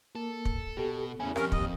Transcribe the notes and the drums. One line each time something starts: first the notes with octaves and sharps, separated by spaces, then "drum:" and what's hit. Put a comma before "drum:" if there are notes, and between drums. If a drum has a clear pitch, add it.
A#3 A4
drum: kick
B2 G4 A4
E2 C#3 C#4 E4 G#5
F2 C#4 G4 A#4, drum: rim click
D#2 D#5, drum: kick